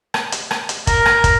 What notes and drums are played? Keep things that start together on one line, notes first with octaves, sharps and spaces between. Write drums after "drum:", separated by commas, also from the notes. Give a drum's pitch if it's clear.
drum: rim click
drum: hi-hat
drum: rim click
drum: hi-hat
A#4, drum: kick, hi-hat
drum: rim click
drum: kick, hi-hat